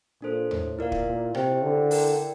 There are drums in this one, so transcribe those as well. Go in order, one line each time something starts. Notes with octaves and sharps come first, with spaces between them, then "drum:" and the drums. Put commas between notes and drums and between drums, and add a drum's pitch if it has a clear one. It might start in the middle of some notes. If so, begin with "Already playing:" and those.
A#2 D4 A4 C5
A2, drum: tom D#2
A#2 E4 A#4 D5 F5
drum: kick
A#2
C3 E4 G4 C5 G5, drum: rim click
D3
E4 A#4 D5 G5, drum: open hi-hat